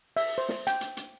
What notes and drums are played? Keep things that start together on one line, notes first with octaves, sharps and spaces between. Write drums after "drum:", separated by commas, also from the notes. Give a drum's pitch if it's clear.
E5, drum: open hi-hat
C5
drum: snare
G5, drum: hi-hat
drum: hi-hat
drum: hi-hat